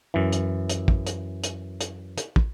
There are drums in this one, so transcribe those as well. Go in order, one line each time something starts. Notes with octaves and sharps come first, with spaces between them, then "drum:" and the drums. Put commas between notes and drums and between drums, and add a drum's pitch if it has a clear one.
F#2 E3
drum: hi-hat
drum: hi-hat
drum: kick
drum: hi-hat
drum: hi-hat
drum: hi-hat
drum: hi-hat
drum: kick